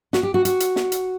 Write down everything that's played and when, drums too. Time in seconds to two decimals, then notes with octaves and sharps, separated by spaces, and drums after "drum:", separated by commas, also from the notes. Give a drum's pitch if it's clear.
0.13 F#4, drum: snare
0.23 G4
0.34 F#4
0.45 F#4, drum: hi-hat
0.60 drum: hi-hat
0.76 drum: snare
0.92 drum: hi-hat